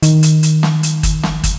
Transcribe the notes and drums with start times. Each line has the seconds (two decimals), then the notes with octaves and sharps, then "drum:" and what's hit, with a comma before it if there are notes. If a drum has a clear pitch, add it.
0.03 D#3, drum: hi-hat
0.23 drum: hi-hat
0.43 drum: hi-hat
0.63 drum: snare
0.83 drum: hi-hat
1.03 drum: kick, hi-hat
1.23 drum: snare
1.44 drum: kick, hi-hat